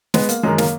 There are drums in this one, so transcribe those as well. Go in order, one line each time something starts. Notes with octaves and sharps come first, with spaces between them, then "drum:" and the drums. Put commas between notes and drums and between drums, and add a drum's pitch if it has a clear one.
G#3 B3, drum: snare
A#3, drum: hi-hat
F#2 D#3 G#3
A#3, drum: snare